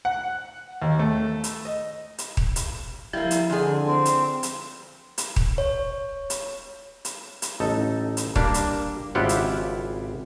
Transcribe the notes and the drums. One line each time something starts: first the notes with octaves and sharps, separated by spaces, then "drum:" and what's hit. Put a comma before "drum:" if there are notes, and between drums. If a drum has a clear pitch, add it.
F#5
D#2
A3
drum: hi-hat
D#5
drum: hi-hat
drum: kick D#1
drum: hi-hat
F3 G3 A#3 E4
drum: hi-hat
F2 D3 G#4
C4
drum: hi-hat
drum: hi-hat
drum: hi-hat
drum: kick D#1
C#5
drum: hi-hat
drum: hi-hat
drum: hi-hat
A1 D#4 A4
drum: hi-hat
G3 A#3 D4 G4, drum: kick D#1
drum: hi-hat
G#1 C#3 E4 F4 G4 F#5
drum: hi-hat